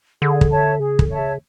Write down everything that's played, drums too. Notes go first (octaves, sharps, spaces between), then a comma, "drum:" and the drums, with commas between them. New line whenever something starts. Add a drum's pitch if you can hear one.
D3 G#4
drum: kick
C#5 E5 A5
C#3 G#4
D3, drum: kick
C#5 E5 A5
C#3